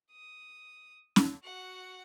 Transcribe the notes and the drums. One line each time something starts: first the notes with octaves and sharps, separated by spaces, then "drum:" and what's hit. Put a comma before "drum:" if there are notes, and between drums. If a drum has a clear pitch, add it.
D#6
drum: snare C#4
F#4 F#5